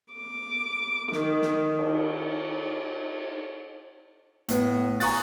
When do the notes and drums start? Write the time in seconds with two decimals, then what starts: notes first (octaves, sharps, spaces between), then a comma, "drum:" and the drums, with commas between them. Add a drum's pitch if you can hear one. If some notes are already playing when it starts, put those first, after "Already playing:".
0.14 D6
1.12 D#3, drum: snare
1.42 drum: snare
1.79 drum: cymbal
4.48 A2 B3, drum: hi-hat
5.00 G#5 A#5 C#6 D#6 F#6 A6, drum: open hi-hat